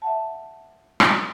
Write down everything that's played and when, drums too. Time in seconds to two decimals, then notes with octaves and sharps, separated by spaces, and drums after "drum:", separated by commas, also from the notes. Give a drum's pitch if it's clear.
0.02 E5 F#5 A5
1.00 drum: rim click